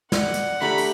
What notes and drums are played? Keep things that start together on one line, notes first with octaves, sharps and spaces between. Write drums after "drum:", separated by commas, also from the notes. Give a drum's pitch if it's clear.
D5 F#5, drum: snare
drum: hi-hat
A3 D4 G4 A#5 B5
drum: open hi-hat